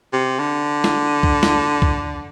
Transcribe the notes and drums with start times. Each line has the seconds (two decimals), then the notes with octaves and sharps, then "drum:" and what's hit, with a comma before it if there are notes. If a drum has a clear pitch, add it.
0.13 C3
0.39 D3
0.84 drum: snare
1.23 drum: kick C2
1.43 drum: snare
1.82 drum: kick C2